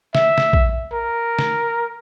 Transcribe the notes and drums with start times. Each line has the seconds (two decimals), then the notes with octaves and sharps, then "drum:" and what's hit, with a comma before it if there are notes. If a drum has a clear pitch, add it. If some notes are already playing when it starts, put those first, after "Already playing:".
0.15 E5, drum: snare
0.38 drum: snare
0.53 drum: kick
0.93 A#4
1.39 drum: snare